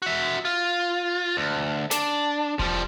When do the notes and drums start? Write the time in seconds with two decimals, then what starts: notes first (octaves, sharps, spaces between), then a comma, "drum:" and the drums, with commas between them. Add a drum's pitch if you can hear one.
0.02 F#4 E5
0.45 F4
1.37 D2
1.91 D4, drum: snare
2.59 F3 G3, drum: kick E1